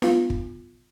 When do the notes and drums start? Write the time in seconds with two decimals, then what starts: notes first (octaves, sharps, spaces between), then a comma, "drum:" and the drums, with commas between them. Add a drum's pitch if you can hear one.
0.02 B3 F4, drum: snare
0.30 drum: kick